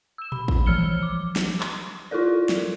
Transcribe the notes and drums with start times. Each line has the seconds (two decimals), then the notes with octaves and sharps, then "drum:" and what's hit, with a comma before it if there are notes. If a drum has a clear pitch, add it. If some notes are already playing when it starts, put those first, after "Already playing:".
0.18 E6 E7
0.32 B5, drum: tom A#2
0.48 drum: kick A1
0.66 E3 F3 E6 F6 C#7 G7
1.02 D6
1.36 drum: snare
1.61 drum: clap
2.11 E4 F4 A4 A#4 D5
2.49 drum: snare